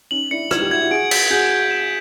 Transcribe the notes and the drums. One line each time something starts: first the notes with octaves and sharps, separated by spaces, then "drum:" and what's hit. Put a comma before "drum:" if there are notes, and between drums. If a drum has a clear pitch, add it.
C#4 D#4 F#7
D4 E4 C#7
D#4 F4 G#6, drum: rim click
F4 G4
E4 F#4 G#6
E4 F#4
F#4 G#4 D7
B6, drum: cymbal
F#4 G#4 G6
G6
E7